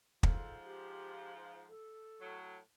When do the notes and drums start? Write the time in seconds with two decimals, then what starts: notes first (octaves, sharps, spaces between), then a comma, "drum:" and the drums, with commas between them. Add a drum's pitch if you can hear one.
0.23 G#2 F3 A4, drum: kick
0.65 G4
1.69 A4
2.21 A2 F#3